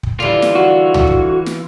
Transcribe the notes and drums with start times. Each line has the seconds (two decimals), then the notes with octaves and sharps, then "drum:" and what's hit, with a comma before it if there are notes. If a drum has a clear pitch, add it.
0.03 drum: kick
0.20 D3 E3 G3 F4
0.42 drum: snare
0.55 F#4
0.94 drum: tom
1.07 drum: kick
1.46 drum: snare